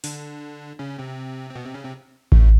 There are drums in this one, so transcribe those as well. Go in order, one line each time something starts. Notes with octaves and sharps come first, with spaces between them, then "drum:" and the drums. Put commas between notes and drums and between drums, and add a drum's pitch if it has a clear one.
D3 D4, drum: open hi-hat
C#3 C#4
C3 C4
C4
B2 B3
C3 C4
C#3 C#4
C3 C4
A2 A3, drum: kick A1